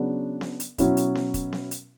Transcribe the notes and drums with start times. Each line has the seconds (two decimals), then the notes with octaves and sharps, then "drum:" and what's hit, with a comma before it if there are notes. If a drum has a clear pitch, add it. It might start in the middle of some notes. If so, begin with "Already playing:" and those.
Already playing: C#3 F#3 B3 D4
0.41 drum: snare B3
0.60 drum: hi-hat
0.78 B2 F#3 C#4 E4, drum: kick, hi-hat
0.97 drum: hi-hat
1.15 drum: snare B3
1.34 drum: kick, hi-hat
1.53 drum: snare B3
1.71 drum: hi-hat